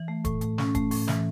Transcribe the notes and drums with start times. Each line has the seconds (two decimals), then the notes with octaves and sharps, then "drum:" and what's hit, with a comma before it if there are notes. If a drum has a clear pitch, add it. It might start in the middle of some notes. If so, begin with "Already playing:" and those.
Already playing: E3
0.08 A3
0.25 A2, drum: kick D#1, hi-hat
0.41 A3, drum: hi-hat
0.58 C#4, drum: snare
0.75 A3, drum: kick D#1, hi-hat
0.91 A2, drum: open hi-hat
1.08 E3, drum: snare